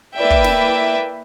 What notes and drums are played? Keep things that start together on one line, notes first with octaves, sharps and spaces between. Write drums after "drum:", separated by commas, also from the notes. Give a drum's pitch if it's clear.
A#3 E4 B4 D5 E5 G5
drum: kick
drum: snare